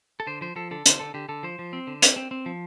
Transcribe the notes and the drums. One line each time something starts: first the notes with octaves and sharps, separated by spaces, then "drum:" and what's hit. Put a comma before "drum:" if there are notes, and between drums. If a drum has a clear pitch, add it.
A4
D3 C5
F3 C5
F3 A4
D3 A4
D3 C5, drum: hi-hat
D3 A4
D3 G4
D3 A4
F3 C5
F3
C4
D3
C4, drum: hi-hat
C4
C4
F3